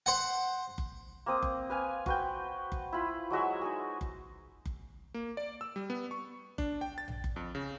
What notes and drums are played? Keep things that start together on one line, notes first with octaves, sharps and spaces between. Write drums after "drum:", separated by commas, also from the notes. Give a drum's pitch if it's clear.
C5 F#5
drum: kick F#1
A#3 C4 D#6
drum: kick F#1
B4 F5 G#5
F#4 B4 G5, drum: kick F#1
drum: kick F#1
E4 F4 B5
F#3 G#3 F#4 E5
D#4 G#4
drum: kick F#1
drum: kick F#1
A#3
D5
E6
G3
B3
C#6
D4, drum: kick F#1
G5
A6
drum: tom A#1
drum: kick F#1
F2
C#3